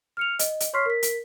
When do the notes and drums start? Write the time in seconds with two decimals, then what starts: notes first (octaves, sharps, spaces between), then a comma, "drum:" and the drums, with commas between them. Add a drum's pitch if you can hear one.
0.17 F6 C#7 F7
0.39 D#5, drum: hi-hat
0.60 drum: hi-hat
0.73 C#5 C6 C#6 F6 B6 C7
0.86 A#4 B6
1.03 drum: hi-hat